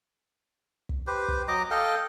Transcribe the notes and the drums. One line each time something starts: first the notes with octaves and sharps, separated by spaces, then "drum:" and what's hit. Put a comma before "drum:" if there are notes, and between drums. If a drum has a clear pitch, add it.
drum: kick
G4 B4 C5
drum: kick
F#3 D#5 A#5 D6
A4 D#5 F5 G5